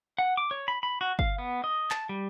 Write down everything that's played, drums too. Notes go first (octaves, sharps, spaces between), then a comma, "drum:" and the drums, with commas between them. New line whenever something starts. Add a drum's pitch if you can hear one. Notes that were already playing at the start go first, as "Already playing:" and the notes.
F#5
D6
C#5
B5
B5
F#4
F5, drum: kick G1
B3
D#5
A5, drum: clap
G3